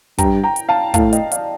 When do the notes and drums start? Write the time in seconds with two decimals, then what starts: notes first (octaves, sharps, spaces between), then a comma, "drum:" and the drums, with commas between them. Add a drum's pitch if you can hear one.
0.18 G2 G5 A#5, drum: kick, hi-hat
0.43 G5 A#5
0.56 drum: hi-hat
0.69 F5 A5
0.94 A2 F5 A5, drum: kick, hi-hat
1.13 D#5 G5, drum: hi-hat
1.32 D5 F5, drum: hi-hat